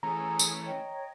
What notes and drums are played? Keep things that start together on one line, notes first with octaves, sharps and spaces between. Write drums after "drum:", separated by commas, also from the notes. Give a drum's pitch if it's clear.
E3 A3 C#4 G#4 A#5
drum: tambourine
C#5 D#5 G5